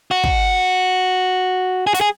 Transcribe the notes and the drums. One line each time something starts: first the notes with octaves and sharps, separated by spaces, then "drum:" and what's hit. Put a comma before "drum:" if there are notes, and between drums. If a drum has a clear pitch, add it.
F#4
drum: kick
G#4
F#4, drum: hi-hat
G#4